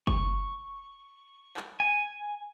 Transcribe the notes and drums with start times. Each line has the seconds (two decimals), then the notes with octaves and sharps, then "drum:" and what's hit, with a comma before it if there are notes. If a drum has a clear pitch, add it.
0.07 C#6, drum: kick F#1
1.57 drum: clap
1.80 G#5